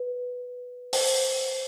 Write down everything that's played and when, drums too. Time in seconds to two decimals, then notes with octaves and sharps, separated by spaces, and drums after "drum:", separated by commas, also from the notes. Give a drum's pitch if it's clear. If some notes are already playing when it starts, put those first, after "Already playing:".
Already playing: B4
0.93 C5, drum: open hi-hat